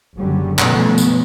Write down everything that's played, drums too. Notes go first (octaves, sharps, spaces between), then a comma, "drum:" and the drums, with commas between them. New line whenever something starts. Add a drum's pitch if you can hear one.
F#1 D3 F#3 G3 C#4
B2 D#3 F3 A3 B3 C#4, drum: clap
drum: tambourine